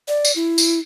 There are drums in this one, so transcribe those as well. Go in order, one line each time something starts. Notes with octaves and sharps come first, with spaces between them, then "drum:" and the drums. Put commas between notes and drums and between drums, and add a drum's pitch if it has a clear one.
D5
drum: tambourine
E4
drum: tambourine